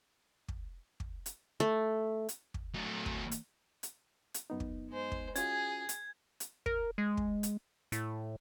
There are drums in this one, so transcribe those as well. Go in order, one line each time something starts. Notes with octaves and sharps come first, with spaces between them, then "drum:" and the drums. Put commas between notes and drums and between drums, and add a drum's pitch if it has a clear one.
drum: kick
drum: kick
drum: hi-hat
A3
drum: hi-hat
drum: kick
F#3 A3
drum: kick
drum: hi-hat
drum: hi-hat
drum: hi-hat
F#2 B3 D#4
drum: kick
G#3 C5
drum: kick
C#4 F4 F#4 G#4 G#6, drum: hi-hat
drum: hi-hat
drum: hi-hat
A#4, drum: kick
G#3
drum: kick
drum: hi-hat
A2, drum: hi-hat